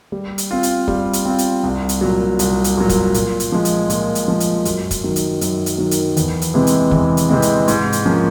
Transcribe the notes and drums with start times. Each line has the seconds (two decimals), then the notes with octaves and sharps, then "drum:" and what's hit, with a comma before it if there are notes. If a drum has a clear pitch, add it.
0.12 G3
0.38 drum: hi-hat
0.51 C4 F4
0.63 drum: hi-hat
0.88 G3, drum: kick
1.13 drum: hi-hat
1.25 C4 F4
1.38 drum: hi-hat
1.63 C2
1.89 drum: hi-hat
2.01 A#2 F#3
2.39 C2, drum: hi-hat
2.64 drum: hi-hat
2.77 A#2 F#3
2.89 drum: kick, hi-hat
3.14 A#2, drum: hi-hat
3.40 drum: hi-hat
3.52 F3 G#3
3.65 drum: hi-hat
3.90 A#2, drum: hi-hat
4.15 drum: hi-hat
4.28 F3 G#3
4.40 drum: hi-hat
4.65 F#2, drum: hi-hat
4.91 drum: kick, hi-hat
5.04 D#3 F#3
5.16 drum: hi-hat
5.41 F#2, drum: hi-hat
5.66 drum: hi-hat
5.78 D#3 F#3
5.91 drum: hi-hat
6.17 E2, drum: hi-hat
6.42 drum: hi-hat
6.54 C3 E3 G#3 C4
6.67 drum: hi-hat
6.91 E2, drum: kick
7.17 drum: hi-hat
7.29 C3 E3 G#3 C4
7.42 drum: hi-hat
7.68 G#2, drum: hi-hat
7.92 drum: hi-hat
8.05 F3 A#3 C#4